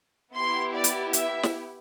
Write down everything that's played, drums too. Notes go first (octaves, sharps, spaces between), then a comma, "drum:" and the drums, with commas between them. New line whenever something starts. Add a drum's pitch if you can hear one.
B3 E4 G4 C6
D5
drum: hi-hat
E5, drum: hi-hat
drum: snare